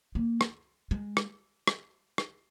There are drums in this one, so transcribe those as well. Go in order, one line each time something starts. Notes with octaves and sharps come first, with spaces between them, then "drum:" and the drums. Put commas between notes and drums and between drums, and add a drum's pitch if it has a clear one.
A#3
drum: rim click
G#3
drum: rim click
drum: rim click
drum: rim click